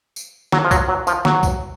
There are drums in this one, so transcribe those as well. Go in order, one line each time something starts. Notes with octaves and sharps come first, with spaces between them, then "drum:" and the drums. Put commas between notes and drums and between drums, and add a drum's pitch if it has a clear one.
drum: tambourine
F#3, drum: snare
F3
F#3, drum: kick B1, tambourine
F#3
F3, drum: tambourine
F#3, drum: snare
drum: kick B1, tambourine